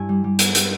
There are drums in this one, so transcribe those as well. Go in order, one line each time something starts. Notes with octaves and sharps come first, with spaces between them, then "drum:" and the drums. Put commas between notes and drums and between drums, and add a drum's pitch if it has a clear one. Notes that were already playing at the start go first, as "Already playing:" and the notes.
Already playing: G2 E4 G#5
G3
G3
B3, drum: hi-hat
G3, drum: hi-hat